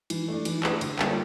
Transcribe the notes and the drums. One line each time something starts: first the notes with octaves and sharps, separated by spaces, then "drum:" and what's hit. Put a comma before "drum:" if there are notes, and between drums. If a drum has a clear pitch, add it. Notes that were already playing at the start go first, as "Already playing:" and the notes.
E3, drum: cymbal
A3 D4
E3, drum: cymbal
A3 D4, drum: clap
D3, drum: cymbal
G3 A#3 F4 A4, drum: clap